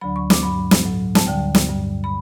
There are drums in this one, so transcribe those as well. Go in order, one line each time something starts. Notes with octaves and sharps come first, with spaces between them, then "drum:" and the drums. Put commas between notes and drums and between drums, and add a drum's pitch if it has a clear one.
D2 D3 F#3 B5
C#6
D6, drum: snare
G2 F#3 B5
drum: snare
A2 F#3
A5, drum: snare
D2 D3 G3 G5
drum: snare
G2 D3 G3
B5